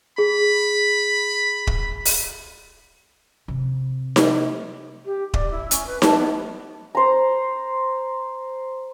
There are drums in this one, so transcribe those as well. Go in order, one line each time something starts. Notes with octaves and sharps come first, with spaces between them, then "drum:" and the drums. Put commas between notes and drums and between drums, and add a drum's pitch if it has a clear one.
G#4 B5
drum: kick D#1
drum: open hi-hat
C3
drum: snare D#4
G4
D5, drum: kick D#1
E4
C#4, drum: hi-hat
B4
A5, drum: snare D#4
B3
C5 A#5